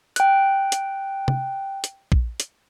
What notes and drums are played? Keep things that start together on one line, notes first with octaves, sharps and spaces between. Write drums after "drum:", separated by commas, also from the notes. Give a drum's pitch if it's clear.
G5 F#6, drum: hi-hat
drum: hi-hat
drum: tom
drum: hi-hat
drum: kick
drum: hi-hat